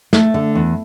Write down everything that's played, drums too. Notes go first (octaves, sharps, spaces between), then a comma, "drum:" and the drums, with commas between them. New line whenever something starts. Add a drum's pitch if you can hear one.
A3, drum: snare
D3
E2